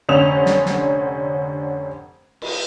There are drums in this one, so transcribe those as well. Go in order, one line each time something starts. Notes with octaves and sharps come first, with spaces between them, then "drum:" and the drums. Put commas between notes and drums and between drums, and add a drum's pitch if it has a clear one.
F1 D3 C#4 D#6 F7
drum: snare
drum: snare
drum: cymbal